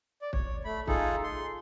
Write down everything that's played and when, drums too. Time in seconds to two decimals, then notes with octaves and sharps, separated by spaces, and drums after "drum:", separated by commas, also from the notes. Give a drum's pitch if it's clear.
0.22 D5
0.33 C#5, drum: kick
0.65 A3 B5
0.88 D#4 F4 G#4 A4, drum: kick
1.23 C6